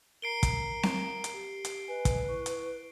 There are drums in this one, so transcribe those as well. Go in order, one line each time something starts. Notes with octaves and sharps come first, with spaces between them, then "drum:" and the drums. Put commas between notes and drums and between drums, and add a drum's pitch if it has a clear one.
A#4 A#5 C7 D7 G7
drum: kick, hi-hat
drum: snare C4
drum: hi-hat
G4
drum: hi-hat
B4 D#5 G#5
drum: kick, hi-hat
E4 C#6
drum: hi-hat